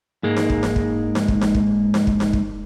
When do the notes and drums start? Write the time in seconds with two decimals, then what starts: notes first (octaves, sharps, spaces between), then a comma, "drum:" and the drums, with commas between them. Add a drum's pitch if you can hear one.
0.23 G#2 G#3 A#3
0.37 drum: snare D#4
0.50 drum: kick
0.63 drum: snare D#4
0.76 drum: kick
1.15 drum: snare D#4
1.28 drum: kick
1.41 drum: snare D#4
1.55 drum: kick
1.94 drum: snare D#4
2.07 drum: kick
2.20 drum: snare D#4
2.33 drum: kick